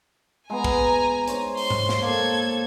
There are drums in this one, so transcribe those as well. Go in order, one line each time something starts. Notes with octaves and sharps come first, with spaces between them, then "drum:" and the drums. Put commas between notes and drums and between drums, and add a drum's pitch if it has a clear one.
G#3 B3 G#5 A#5
drum: kick
D#4 C5 C#5, drum: hi-hat
C6, drum: open hi-hat
drum: tom G#2
drum: snare
A#3 A4 G#6